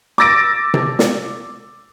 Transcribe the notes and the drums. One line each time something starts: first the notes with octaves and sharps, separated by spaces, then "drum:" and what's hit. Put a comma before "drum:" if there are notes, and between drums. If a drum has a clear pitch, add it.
D6 E6 A6 A#6 D7
drum: tom C3
drum: snare